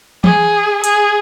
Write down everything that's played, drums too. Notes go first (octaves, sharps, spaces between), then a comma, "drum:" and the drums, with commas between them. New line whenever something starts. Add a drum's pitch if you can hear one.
G#4, drum: tom E3
G#4, drum: hi-hat